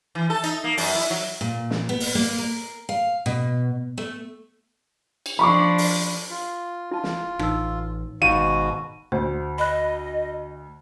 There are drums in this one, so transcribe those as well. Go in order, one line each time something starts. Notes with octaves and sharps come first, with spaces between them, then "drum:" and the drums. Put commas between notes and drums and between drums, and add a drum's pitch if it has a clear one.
E3
A4
D#4, drum: hi-hat
A#3
F#2, drum: open hi-hat
E4
F#3
A#2
drum: snare
B3
drum: open hi-hat
A#3
A#4
F5
B2
A3
drum: cymbal
F3 D4 B5 C#6 D6
drum: open hi-hat
F4
E4 F4 A5
drum: snare
A1 D#4 E6, drum: rim click
G#1 G#2 B2 D#3 F#4 F5 D#7
D2 C5
D#5 B5 F#6